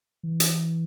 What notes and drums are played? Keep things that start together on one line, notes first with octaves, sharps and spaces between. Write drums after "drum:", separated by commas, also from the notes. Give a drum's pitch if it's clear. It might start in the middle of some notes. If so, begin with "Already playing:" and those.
E3
drum: hi-hat